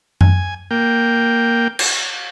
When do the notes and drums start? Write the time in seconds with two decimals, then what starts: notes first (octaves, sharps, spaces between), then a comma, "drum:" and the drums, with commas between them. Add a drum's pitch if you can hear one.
0.21 G#5, drum: tom F#2
0.71 A#3 G5
1.79 drum: cymbal